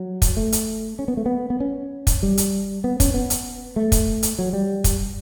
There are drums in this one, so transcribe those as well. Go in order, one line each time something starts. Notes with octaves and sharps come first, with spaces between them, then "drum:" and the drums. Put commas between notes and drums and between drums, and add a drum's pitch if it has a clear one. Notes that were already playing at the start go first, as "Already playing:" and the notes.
Already playing: F#3
drum: kick, hi-hat
A3
drum: hi-hat
C#4
B3
A3
B3
B3
C#4
drum: kick, hi-hat
G3
drum: hi-hat
B3
C#4, drum: kick, hi-hat
B3
drum: hi-hat
A3
drum: kick, hi-hat
drum: hi-hat
F#3
G3
drum: kick, hi-hat